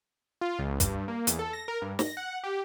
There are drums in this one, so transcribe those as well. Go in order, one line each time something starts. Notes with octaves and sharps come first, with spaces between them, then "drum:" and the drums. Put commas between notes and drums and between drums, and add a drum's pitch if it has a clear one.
F4
C#2
G2, drum: kick, hi-hat
A#3
E2, drum: hi-hat
A4
A#6
A#4
G2
A#6, drum: snare
F#5
G4